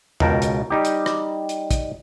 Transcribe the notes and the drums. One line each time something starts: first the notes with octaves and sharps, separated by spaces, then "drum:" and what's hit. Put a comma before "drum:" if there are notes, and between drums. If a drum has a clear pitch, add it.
C#2 B2 A#4 G5 A5, drum: tom E2
drum: hi-hat
G3 D#4 G4
drum: hi-hat
drum: rim click
drum: hi-hat
drum: kick, hi-hat